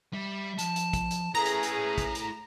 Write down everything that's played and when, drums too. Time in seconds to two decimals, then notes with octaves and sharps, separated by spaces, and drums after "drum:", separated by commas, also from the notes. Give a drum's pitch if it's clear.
0.14 G3 E5
0.59 F3 A5, drum: hi-hat
0.76 drum: hi-hat
0.93 drum: kick, hi-hat
1.11 drum: hi-hat
1.35 A3 C#4 E4 G#4 A4 B4 A#5
1.46 drum: hi-hat
1.63 drum: hi-hat
1.98 drum: kick, hi-hat
2.15 drum: hi-hat